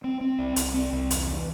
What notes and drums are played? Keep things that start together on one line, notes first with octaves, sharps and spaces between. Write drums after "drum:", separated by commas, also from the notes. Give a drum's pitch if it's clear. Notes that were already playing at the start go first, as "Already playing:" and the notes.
C4
C4
C2
C2, drum: hi-hat
C4
C2
E2, drum: hi-hat
E3